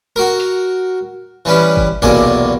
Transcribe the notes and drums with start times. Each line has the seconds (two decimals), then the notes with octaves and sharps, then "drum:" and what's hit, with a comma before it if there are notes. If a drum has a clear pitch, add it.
0.16 F#4 A#4
0.40 drum: hi-hat
1.45 E3 G3 C#4 B4
1.77 drum: kick G1
2.02 B1 E2 C3 A#3 D5 G#5, drum: kick G1